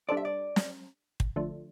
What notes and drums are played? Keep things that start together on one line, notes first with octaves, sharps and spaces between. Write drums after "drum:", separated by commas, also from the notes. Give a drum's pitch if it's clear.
G3 D4 A4 C5 D5
E5
D5
drum: snare
drum: kick
D3 F3 A3 D4